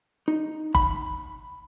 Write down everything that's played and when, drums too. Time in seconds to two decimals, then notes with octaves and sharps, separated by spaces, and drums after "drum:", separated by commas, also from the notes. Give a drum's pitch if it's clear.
0.28 D#4
0.75 B5, drum: kick G1